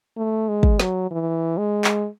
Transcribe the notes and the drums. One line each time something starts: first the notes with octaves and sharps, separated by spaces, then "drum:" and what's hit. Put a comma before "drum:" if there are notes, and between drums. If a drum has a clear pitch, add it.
A3
G#3
drum: kick
F#3, drum: snare
E3
G#3
drum: clap